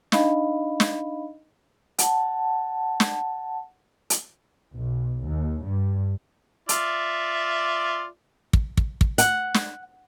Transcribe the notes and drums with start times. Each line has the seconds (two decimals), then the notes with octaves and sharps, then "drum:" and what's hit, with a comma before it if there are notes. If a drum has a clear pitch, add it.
0.12 D4 D#4 D#5 F5 B5, drum: snare
0.80 drum: snare
1.99 F#5 A5, drum: hi-hat
3.00 drum: snare
4.10 drum: hi-hat
4.75 B1
5.24 D#2
5.65 G2
6.69 F4 D5 E5, drum: hi-hat
8.53 drum: kick
8.77 drum: kick
9.01 drum: kick
9.18 F#5, drum: hi-hat
9.54 drum: snare